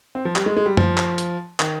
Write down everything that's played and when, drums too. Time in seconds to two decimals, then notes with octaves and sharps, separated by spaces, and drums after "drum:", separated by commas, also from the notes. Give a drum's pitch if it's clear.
0.15 C4
0.25 F3
0.36 G3, drum: clap
0.46 G#3
0.57 G#3
0.66 G3
0.77 F3, drum: tom F#2
0.97 drum: clap
1.18 drum: hi-hat
1.60 D#3, drum: clap